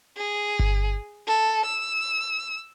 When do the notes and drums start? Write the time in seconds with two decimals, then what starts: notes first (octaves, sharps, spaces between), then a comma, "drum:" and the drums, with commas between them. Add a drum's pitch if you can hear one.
0.17 G#4
0.59 drum: kick G1
1.27 A4
1.66 E6